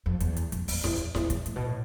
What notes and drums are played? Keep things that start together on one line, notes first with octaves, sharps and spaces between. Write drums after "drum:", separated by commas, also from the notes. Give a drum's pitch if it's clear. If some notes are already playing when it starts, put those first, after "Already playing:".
F2
E2, drum: hi-hat
drum: hi-hat
F2, drum: hi-hat
E2, drum: open hi-hat
F2, drum: snare E4
E2
E2, drum: snare E4
F2, drum: kick, hi-hat
A2, drum: hi-hat
B2
A2